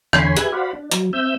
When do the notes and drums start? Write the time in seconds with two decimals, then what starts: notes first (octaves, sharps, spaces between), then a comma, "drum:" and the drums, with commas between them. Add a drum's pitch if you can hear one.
0.13 E2 D3 C#5 G#5 B5 C6, drum: rim click
0.37 G4 G#4 B4 E5 F#6 G#6, drum: hi-hat
0.52 F#4 C5 D5 F5 F#5 B5
0.73 D4
0.91 F#3, drum: hi-hat
1.13 C4 E5 E6 G6